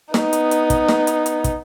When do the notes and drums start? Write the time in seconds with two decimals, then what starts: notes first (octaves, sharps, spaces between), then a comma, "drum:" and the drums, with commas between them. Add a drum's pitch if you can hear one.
0.14 B3 D#4, drum: snare
0.33 drum: hi-hat
0.51 drum: hi-hat
0.70 drum: kick, hi-hat
0.89 drum: snare
1.07 drum: hi-hat
1.26 drum: hi-hat
1.44 drum: kick, hi-hat